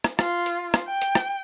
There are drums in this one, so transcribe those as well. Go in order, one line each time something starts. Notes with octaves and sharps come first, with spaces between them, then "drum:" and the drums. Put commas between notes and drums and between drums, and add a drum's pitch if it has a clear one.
drum: rim click
F4, drum: rim click
drum: hi-hat
drum: rim click
G5
drum: hi-hat
drum: rim click